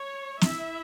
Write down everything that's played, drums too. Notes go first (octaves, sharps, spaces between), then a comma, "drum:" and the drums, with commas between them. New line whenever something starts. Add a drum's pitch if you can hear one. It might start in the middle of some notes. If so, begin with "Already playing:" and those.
Already playing: C#5
E4 E5, drum: snare